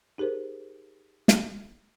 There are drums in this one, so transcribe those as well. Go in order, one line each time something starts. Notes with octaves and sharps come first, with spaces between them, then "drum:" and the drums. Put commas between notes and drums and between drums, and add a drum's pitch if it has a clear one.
D#4 G4 G#4 A#4 C5
drum: snare